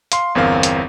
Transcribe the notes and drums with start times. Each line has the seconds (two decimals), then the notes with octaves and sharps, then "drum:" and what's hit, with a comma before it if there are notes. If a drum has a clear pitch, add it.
0.12 F5 C6, drum: hi-hat
0.35 G1 E2 C4 A#4 F5
0.63 drum: hi-hat